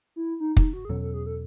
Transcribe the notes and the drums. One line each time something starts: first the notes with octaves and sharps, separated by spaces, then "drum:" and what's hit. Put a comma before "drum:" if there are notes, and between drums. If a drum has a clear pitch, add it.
E4
D#4
D#4, drum: kick
F#4
G#4
E2 B2 F#3 C#4 A4
A4
G#4
A4